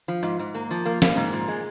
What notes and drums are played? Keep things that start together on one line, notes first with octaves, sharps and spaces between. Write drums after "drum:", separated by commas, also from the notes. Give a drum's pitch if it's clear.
F3
G#2
G#2
A#3
F3
A#3
A#3, drum: snare
G#2
A#2
G#3